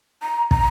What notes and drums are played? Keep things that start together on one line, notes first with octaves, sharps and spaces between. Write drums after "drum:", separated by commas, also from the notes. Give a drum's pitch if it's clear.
A#5
A#5, drum: kick